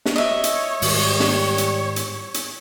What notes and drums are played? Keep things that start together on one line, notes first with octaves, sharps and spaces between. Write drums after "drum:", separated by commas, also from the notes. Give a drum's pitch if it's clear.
drum: snare
C#5 D#5 E5
drum: hi-hat
G#2 D#3 G3, drum: open hi-hat
drum: snare
drum: hi-hat
drum: hi-hat
drum: hi-hat